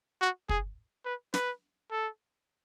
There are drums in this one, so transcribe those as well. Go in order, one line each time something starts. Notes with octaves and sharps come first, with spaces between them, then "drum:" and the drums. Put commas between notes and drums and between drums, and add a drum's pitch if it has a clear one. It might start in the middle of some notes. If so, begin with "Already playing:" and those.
F#4
G#4, drum: kick
B4
B4, drum: snare
A4